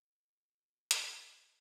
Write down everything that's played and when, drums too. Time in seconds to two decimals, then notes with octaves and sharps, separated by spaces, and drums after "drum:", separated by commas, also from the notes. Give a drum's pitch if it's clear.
0.13 B2
0.91 D#5 A#5, drum: hi-hat